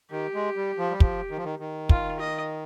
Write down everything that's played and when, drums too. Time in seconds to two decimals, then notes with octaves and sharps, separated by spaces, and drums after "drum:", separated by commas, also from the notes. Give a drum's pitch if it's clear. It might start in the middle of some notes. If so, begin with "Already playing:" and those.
0.11 D#3 G4
0.34 G#3
0.56 G3
0.78 F3
0.91 G3
1.00 F3, drum: kick
1.30 D#3
1.37 F3
1.44 D#3
1.60 D#3
1.89 F4, drum: kick
2.19 D#5